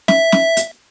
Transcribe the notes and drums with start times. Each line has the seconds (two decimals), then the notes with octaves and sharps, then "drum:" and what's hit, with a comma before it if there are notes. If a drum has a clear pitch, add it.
0.08 E5, drum: snare
0.32 drum: snare
0.57 drum: hi-hat